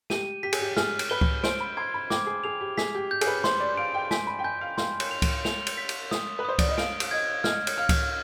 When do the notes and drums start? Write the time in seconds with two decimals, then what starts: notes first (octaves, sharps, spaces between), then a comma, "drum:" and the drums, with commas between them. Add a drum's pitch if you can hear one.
0.10 G4 D#7, drum: snare
0.43 G4 B6
0.53 G#4, drum: cymbal
0.61 G4
0.77 G#4 F6, drum: snare
0.99 drum: cymbal
1.10 B4 G7
1.21 drum: kick C#2
1.43 C5 D7, drum: snare
1.60 B5
1.77 C6 G#6
1.94 B5
2.10 G5 D6, drum: snare
2.27 G#4
2.44 G#4 F7
2.61 G4
2.78 G#4 B6, drum: snare
2.95 G4
3.11 G6
3.21 G#4, drum: cymbal
3.27 B4
3.44 C5 C6, drum: snare
3.60 D5
3.77 F5 D7
3.94 G5
4.11 G#5 B6, drum: snare
4.27 B5
4.39 G5
4.44 G#5 G6
4.61 F5
4.78 F5 C6, drum: snare
5.00 drum: cymbal
5.11 F7
5.22 drum: kick C#2, cymbal
5.45 F7, drum: snare
5.67 drum: cymbal
5.78 B6
5.89 drum: cymbal
6.11 D#6, drum: snare
6.39 B4
6.45 C5 D#6
6.59 D5, drum: kick C#2, cymbal
6.69 D#5
6.77 F5 D7, drum: snare
7.00 drum: cymbal
7.11 D#5 G#6
7.44 D#5 F6, drum: snare
7.67 drum: cymbal
7.77 F5 F6
7.89 drum: kick C#2, cymbal